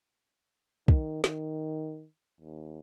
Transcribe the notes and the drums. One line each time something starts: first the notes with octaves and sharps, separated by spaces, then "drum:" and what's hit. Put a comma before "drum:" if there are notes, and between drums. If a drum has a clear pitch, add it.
D#3, drum: kick
D#3, drum: snare
D#2